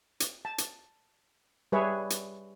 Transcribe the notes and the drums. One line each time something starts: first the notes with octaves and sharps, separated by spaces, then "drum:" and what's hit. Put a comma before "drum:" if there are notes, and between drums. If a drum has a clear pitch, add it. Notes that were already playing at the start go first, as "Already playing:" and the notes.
drum: hi-hat
A5
drum: hi-hat
G3 G#4 B4 C#5 E5
drum: hi-hat